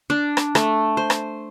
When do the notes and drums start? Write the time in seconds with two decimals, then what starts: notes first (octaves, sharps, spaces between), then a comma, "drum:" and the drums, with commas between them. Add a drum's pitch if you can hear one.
0.10 D4
0.37 drum: rim click
0.55 A3, drum: rim click
0.97 C5
1.10 drum: rim click